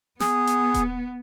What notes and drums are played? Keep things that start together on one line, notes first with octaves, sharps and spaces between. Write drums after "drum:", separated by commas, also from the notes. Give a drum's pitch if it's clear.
B3 G#4, drum: snare
drum: hi-hat
drum: kick D#1, hi-hat